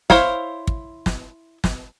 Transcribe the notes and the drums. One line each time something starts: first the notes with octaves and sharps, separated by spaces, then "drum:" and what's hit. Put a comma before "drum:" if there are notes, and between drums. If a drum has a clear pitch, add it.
E4 C5 C#5 F5, drum: snare
drum: kick
drum: snare
drum: snare